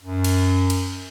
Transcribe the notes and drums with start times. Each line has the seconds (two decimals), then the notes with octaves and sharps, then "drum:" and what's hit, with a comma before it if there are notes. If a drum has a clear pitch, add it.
0.02 F#2
0.24 drum: cymbal
0.70 drum: cymbal